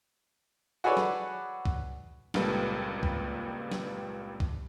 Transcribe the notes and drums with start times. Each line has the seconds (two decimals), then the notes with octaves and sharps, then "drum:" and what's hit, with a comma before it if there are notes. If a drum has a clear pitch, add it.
0.84 F#4 G#4 A4 B4 C#5 D5
0.97 drum: snare
1.66 drum: kick
2.34 G#1 C#2 A#2 G3 A4 B4, drum: snare
3.03 drum: kick
3.72 drum: snare
4.40 drum: kick